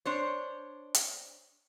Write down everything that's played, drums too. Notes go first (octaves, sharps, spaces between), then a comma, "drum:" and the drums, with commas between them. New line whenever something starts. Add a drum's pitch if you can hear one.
D4 C5 C#5
drum: hi-hat